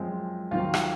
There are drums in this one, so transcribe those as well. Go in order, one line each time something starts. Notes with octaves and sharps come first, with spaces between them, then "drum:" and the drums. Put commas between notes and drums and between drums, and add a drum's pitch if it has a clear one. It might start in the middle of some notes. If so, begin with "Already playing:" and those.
Already playing: F#2 F3 G#3 C4
D#2 D#3 F#3 C4 F4 F5
drum: rim click